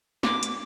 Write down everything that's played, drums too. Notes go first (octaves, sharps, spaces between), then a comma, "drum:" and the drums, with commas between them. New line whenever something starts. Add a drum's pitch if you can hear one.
D6, drum: snare
drum: hi-hat